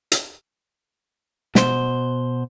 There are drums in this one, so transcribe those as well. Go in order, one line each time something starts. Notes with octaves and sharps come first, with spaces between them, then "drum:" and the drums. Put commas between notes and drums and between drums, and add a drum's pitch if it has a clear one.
drum: hi-hat
B2 C5, drum: snare